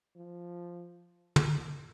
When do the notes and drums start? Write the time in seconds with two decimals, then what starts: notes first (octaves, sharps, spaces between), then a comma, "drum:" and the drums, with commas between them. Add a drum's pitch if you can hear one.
0.16 F3
1.36 drum: tom